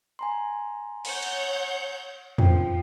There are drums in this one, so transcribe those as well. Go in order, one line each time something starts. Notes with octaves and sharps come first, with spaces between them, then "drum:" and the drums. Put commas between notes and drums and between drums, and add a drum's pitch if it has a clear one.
G#5 A#5 C6
C#5 F#5 G6, drum: open hi-hat
drum: cymbal
F3 F4 G5, drum: tom E2